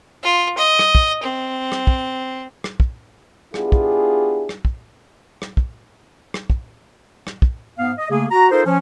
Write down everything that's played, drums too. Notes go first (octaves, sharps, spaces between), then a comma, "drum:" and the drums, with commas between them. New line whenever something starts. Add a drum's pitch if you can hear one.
F4
D#5
drum: rim click
drum: kick
C4
drum: rim click
drum: kick
drum: rim click
drum: kick
B3 D4 E4 F4 G4 G#4, drum: rim click
drum: kick
drum: rim click
drum: kick
drum: rim click
drum: kick
drum: rim click
drum: kick
drum: rim click
drum: kick
G#2 B3 F5
D#5
C#3 A3 A#3 G#4
F#4 A#5
D#4 F4 A4 A#4 C5
F3 C#4